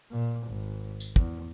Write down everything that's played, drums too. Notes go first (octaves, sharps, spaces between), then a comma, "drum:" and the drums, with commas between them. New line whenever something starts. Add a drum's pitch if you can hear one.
A#2
G#1
drum: tambourine
E2, drum: kick